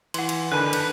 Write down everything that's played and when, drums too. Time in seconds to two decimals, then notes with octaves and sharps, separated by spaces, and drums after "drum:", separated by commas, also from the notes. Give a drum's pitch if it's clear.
0.14 E3 F#5 C6, drum: cymbal
0.29 drum: cymbal
0.52 D3 D#3 B4 G#5 A5 F#6 G6
0.73 drum: cymbal